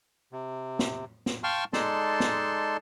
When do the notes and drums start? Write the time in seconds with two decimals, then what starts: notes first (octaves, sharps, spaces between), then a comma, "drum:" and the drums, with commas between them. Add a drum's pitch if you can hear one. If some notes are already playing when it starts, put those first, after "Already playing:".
0.32 C3
0.79 drum: snare
1.26 drum: snare
1.44 F5 G5 A5 C6 C#6 F6
1.73 G#3 D#4 A4 D5 A5 C6, drum: snare
2.20 drum: snare